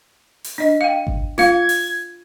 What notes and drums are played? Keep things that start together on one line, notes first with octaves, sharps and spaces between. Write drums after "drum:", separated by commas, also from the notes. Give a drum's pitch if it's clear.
drum: open hi-hat
D4 D#5
F5 G5
drum: kick G#1
F4 F5 G#6, drum: snare
drum: open hi-hat